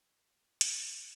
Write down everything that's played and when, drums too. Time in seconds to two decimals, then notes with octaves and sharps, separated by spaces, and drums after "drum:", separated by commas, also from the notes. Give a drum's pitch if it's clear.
0.13 A#3
0.29 D#4
0.46 F#3
0.61 F#3, drum: hi-hat
0.77 A#3
0.92 D#4